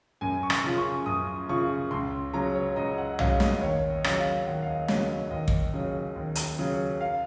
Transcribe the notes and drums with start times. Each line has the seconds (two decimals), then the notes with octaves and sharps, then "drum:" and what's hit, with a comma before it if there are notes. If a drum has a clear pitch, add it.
0.21 F#2 G#5
0.43 C#6
0.50 C6, drum: rim click
0.64 C#3 F3
0.78 C#6
1.06 F#2 D#6
1.49 C#3 F3 C#6
1.91 C#2 C6
2.34 C#3 F#3 A#5
2.55 C#5
2.76 C#2 D#5
2.98 F#5
3.19 C#3 F#3 F5, drum: tom
3.40 D#5, drum: snare
3.61 D#2 C#5
3.90 D#5
4.04 C#3 F#3, drum: rim click
4.18 F5
4.46 D#2 F#5
4.62 F5
4.67 D#5
4.88 C#3 F#3 D#5, drum: snare
5.09 C#5
5.31 D#2 D#5
5.48 drum: kick
5.74 C#3 F#3
6.16 D#2
6.35 drum: hi-hat
6.59 C#3 F#3
7.01 F5